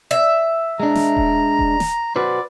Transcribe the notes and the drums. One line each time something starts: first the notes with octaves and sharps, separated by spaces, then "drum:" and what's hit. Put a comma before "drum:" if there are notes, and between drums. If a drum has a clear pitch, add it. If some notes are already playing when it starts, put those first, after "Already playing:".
E5
G#3 D4 A#5
drum: snare
drum: kick D#1
drum: kick D#1
drum: snare
F#4 B4 C5 D5